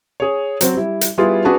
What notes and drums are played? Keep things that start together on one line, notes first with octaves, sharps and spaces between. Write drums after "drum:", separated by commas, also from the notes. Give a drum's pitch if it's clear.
G#4 C#5
F#3 C4, drum: hi-hat
G3 E4
drum: hi-hat
G3 B3 E4 F4 G#4
D4 F#4 G#4 B4 A5